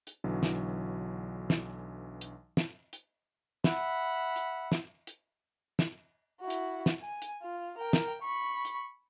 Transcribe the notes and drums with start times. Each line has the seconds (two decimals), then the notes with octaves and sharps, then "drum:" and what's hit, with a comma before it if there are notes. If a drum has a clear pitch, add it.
0.07 drum: hi-hat
0.24 B1 D3 E3 F#3
0.43 drum: snare
1.50 drum: snare
2.21 drum: hi-hat
2.57 drum: snare
2.93 drum: hi-hat
3.64 E5 F#5 B5, drum: snare
4.36 drum: hi-hat
4.72 drum: snare
5.07 drum: hi-hat
5.79 drum: snare
6.41 E4 F#4
6.50 drum: hi-hat
6.86 drum: snare
7.02 G#5
7.22 drum: hi-hat
7.42 F4
7.78 A#4 G5
7.93 drum: snare
8.22 B5 C#6
8.65 drum: hi-hat